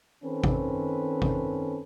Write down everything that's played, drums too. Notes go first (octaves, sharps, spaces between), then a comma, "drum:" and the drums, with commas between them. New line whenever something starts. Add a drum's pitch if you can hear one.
D#3 C4 C#4 A4 B4
drum: kick
drum: kick